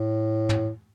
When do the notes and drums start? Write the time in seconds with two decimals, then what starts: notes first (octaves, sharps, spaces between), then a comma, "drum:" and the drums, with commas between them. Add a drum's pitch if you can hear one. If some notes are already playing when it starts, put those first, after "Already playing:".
Already playing: A2
0.49 drum: tom